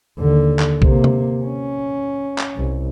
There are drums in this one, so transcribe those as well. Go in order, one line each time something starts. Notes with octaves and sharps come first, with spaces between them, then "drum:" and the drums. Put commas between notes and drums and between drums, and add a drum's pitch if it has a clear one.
D#2 D3
drum: clap
C3 A#3, drum: kick
drum: tom C3
C#4
drum: clap
C2